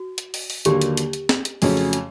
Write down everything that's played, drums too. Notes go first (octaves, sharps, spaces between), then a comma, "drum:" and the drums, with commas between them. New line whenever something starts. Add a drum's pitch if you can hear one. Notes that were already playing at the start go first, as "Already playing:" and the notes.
Already playing: F#4
drum: hi-hat
drum: open hi-hat
drum: open hi-hat
D#2 D3 F#3 A#3 G4, drum: hi-hat
drum: hi-hat
drum: hi-hat
drum: hi-hat
drum: snare
drum: hi-hat
F2 C#3 F#3 A3 C#4, drum: open hi-hat
drum: open hi-hat
drum: hi-hat